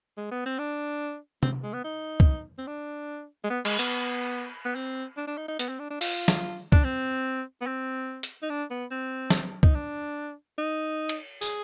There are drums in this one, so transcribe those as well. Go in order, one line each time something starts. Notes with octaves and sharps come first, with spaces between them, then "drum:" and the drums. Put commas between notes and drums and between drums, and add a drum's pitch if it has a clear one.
G#3
B3
C4
D4
C4, drum: tom C3
G#3
B3
D#4
drum: kick
C4
D4
G#3
B3
G#3, drum: cymbal
B3, drum: hi-hat
B3
C4
D4
D4
D#4
D#4
B3, drum: hi-hat
C4
D4
D4
F4, drum: open hi-hat
drum: snare
D4, drum: kick
C4
B3
C4
drum: hi-hat
D#4
D4
B3
C4
drum: snare
D#4, drum: kick
D4
D#4
drum: cymbal
G#4, drum: tambourine